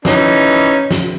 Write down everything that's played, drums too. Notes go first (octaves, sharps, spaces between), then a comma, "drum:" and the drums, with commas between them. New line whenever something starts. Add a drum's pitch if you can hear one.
E3 C#4 D#4, drum: snare
drum: snare